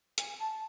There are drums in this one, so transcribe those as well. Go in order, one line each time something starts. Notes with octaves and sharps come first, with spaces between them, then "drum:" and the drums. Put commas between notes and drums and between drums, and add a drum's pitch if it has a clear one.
G#5, drum: hi-hat
A5